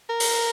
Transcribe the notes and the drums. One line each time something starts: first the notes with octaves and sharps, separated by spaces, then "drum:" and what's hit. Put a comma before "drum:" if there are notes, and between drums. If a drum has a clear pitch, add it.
A#4
drum: open hi-hat